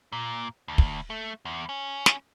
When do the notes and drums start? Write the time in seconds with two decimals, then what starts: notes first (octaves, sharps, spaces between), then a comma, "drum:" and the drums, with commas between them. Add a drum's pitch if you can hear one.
0.12 A#2
0.68 D2
0.78 drum: kick
1.10 A3
1.45 E2
1.69 C#4
2.06 drum: snare